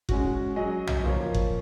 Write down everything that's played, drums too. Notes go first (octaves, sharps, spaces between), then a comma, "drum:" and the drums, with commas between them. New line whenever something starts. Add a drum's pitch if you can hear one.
G#3 C#4 F#4, drum: kick F#1
F#3 C#4 G#4 D#5
drum: tom B1
F3 A#3 F4 A#4 C#5
drum: kick F#1